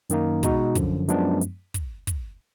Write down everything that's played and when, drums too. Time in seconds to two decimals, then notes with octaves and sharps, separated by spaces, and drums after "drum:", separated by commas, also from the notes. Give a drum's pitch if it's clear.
0.10 F#2 D#3 A#3 D#4, drum: hi-hat
0.43 B2 G#3 D#4 F#4, drum: kick, hi-hat
0.75 F#2 D3 F3, drum: kick, hi-hat
1.09 F#2 F3 G#3 B3 D4, drum: hi-hat
1.41 drum: hi-hat
1.74 drum: kick, hi-hat
2.07 drum: kick, hi-hat